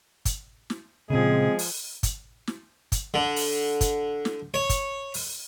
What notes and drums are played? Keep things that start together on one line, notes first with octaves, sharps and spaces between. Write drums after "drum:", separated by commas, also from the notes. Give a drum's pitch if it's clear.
drum: kick, hi-hat
drum: snare
A#2 C#3 F3 G#3 C4 G#4
drum: open hi-hat
drum: kick, hi-hat
drum: snare
drum: kick, hi-hat
D3
drum: open hi-hat
drum: kick, hi-hat
drum: snare
C#5
drum: kick, hi-hat
drum: open hi-hat